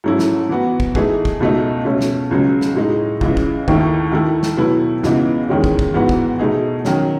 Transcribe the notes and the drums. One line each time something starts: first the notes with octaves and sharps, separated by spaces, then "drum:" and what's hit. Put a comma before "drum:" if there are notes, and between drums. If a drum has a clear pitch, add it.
G#2 F#3 A3 C#4 E4
drum: snare
E3 B3 F#4
drum: kick
E3 A3 D#4 G#4 B4, drum: kick
drum: kick
C#2 B2 A3 D#4
B2 A3 C#4
drum: snare
C#2 C#3 F#3
drum: snare
A2 G#3 D#4
C#2 C#3 E3, drum: kick
drum: kick
D#2 D#3 A3 E4, drum: kick
D#3 A3 E4
drum: snare
B2 F#3 A3 E4 B4
C#2 C#3 E3 B3 D#4, drum: snare
E2 D#3 G#3 C#4
drum: kick
drum: kick
G#2 E3 B3 F#4
drum: kick
B2 A3 D#4 G#4
D#3 F#3 C#4, drum: snare